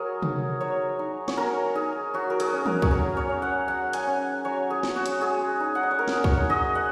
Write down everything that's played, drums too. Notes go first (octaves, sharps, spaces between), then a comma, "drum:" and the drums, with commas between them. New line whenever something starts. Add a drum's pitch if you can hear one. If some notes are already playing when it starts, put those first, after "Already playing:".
Already playing: F#3 G#4 A#4 C#5
D#4, drum: tom C3
F#3 C#5
D#4
C#5, drum: snare
F#3 A#4
D#4 G#4
F#3 F#4
A#4
G#4, drum: hi-hat
C#4
A#4, drum: tom E3
C#5, drum: kick C2
F#3 A#4
C#5
C#4
F#5
F#3 F#5
G#5, drum: hi-hat
C#4
F#3 C#5
G#4
C#4, drum: snare
F#4
drum: hi-hat
G#3 G#4
D#4
F#5
D#5
C#5
G#3 A#4
drum: snare
C#5, drum: kick C2
D#4
D#5
G#3 F#5